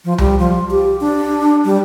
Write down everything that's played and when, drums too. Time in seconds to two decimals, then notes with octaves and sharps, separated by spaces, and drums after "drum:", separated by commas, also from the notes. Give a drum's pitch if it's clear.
0.05 F3
0.18 G3, drum: tom C2
0.39 F3
0.71 G4
1.01 D4
1.65 G3